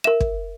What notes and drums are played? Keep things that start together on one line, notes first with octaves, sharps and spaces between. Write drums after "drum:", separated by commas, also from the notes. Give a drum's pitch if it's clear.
A#4 E5 E7
drum: kick